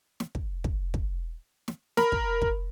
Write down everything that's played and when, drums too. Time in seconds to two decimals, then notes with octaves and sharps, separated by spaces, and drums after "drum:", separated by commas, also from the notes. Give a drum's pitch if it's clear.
0.20 drum: snare
0.35 drum: kick
0.64 drum: kick
0.94 drum: kick
1.68 drum: snare
1.97 A#4 B5, drum: snare
2.12 drum: kick
2.42 drum: kick